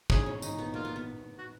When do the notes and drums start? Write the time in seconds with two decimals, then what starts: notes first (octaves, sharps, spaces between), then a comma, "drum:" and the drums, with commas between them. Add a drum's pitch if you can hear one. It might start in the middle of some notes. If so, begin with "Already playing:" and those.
0.10 C#4 G#4, drum: kick
0.26 C#4
0.42 D#4, drum: tambourine
0.58 B3
0.74 A#3 F4
0.85 B3
0.96 B3
1.38 F#4